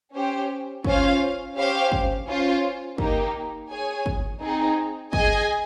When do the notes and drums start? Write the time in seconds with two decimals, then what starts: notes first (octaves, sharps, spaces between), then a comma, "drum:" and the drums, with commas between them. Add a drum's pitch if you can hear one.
0.13 C#4 G4 C5
0.84 C#4 F4 C5 F5, drum: kick
1.56 C#4 G4 C5 F5
1.92 drum: kick
2.27 C#4 F4 C5
2.98 A#3 D#4 G4, drum: kick
3.71 G#4 C#5 G#5
4.06 drum: kick
4.41 C4 D#4 G#4
5.13 G#4 D#5 G#5, drum: kick